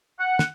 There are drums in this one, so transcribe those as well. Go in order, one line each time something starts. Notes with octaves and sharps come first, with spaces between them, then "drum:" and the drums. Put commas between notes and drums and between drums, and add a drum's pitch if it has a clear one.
F#5
drum: snare